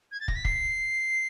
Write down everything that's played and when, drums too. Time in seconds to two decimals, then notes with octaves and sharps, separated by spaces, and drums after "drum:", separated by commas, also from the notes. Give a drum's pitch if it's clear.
0.12 G#6
0.20 A6
0.28 A#6, drum: kick
0.36 B6
0.45 C7, drum: kick